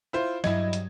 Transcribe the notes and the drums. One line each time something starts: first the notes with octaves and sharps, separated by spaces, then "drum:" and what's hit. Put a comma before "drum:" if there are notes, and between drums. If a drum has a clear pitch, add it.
E4 F4 C5
G2 F#3 E4 D#5 G#6, drum: snare
drum: hi-hat